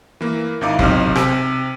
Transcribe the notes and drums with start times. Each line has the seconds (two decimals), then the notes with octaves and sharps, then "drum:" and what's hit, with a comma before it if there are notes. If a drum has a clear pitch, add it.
0.21 E3 A#3
0.61 G#1 D#4 E4 F5 D6
0.79 B1 C3 D#4 F6, drum: kick
1.15 C3, drum: rim click